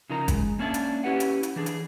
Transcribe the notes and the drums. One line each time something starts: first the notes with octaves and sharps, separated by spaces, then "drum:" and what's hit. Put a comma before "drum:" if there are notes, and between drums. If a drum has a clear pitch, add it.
C#3 F3 D#4 A#4 A#5
E3 G#3, drum: kick, hi-hat
A#3 C#4 D4 D5 E5 A5
drum: hi-hat
C#4 E4 G4 B4 F#5
drum: hi-hat
drum: hi-hat
E3 D4 G#4
drum: hi-hat